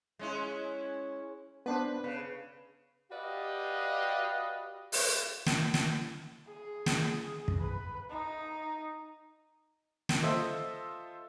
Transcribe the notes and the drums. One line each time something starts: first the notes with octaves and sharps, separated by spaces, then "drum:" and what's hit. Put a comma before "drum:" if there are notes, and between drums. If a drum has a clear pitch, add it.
G#3 C#4 E4
B3 D4 B4 C5
C#3 B4
F#4 G4 B4 D5 D#5 F5
drum: open hi-hat
drum: snare
drum: snare
G#4
drum: snare
drum: kick
B4
D#4
drum: snare
F4 A4 C5 D#5 E5